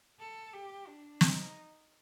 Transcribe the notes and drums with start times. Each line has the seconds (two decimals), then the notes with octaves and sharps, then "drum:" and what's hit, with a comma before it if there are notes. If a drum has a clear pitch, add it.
0.20 A4
0.53 G4
0.87 D4
1.21 D#4, drum: snare